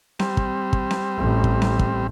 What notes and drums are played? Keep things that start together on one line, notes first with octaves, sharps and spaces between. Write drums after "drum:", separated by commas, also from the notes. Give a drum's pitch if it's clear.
G3 C4, drum: snare C4
drum: kick
drum: kick
drum: snare C4
A1
drum: kick
drum: snare C4
drum: kick